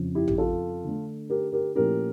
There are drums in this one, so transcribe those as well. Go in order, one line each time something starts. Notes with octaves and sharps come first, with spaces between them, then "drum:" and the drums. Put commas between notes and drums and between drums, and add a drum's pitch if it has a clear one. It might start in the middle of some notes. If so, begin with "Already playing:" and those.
Already playing: F2 C#3 F3
E4 G4
G4, drum: tom A1
F4 A4
D3 A3 D4
G4 A#4
G4 A#4
A#2 F3 A3 C#4 E4 G4 A#4